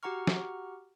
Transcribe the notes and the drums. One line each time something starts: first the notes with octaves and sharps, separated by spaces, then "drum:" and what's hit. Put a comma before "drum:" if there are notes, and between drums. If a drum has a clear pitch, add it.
F#4 G4 F#5 A#5 C#6 F6
drum: snare